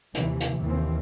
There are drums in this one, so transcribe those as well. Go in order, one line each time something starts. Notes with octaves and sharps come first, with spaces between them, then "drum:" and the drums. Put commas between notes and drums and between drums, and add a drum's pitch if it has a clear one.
D#2 C3 E3, drum: hi-hat
drum: hi-hat
D#2 E3 C4